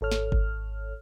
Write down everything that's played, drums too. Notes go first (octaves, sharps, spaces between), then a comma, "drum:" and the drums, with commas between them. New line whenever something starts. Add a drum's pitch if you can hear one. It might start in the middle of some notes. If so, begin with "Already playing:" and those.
G#1 A4 C#5 F6
drum: snare
drum: kick G1